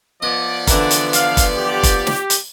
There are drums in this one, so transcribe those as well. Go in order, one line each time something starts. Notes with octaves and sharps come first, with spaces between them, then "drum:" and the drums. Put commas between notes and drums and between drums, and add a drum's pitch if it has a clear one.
F3 B3 D5 D#5
D3 E3 A#4, drum: kick, hi-hat
drum: hi-hat
F5, drum: hi-hat
drum: kick, hi-hat
G4
drum: kick, hi-hat
drum: snare
drum: hi-hat